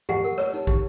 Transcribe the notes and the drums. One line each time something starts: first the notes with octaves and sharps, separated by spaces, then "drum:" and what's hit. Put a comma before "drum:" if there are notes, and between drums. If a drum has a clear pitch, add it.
G4 F#5, drum: tom G2
A#4, drum: tambourine
C#5, drum: rim click
D#4, drum: tambourine
G4, drum: kick, tambourine